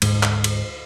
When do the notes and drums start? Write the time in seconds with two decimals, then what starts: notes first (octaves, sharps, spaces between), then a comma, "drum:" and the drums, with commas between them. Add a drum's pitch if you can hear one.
0.02 D2 G#2 G#3, drum: cymbal
0.23 drum: clap
0.44 drum: cymbal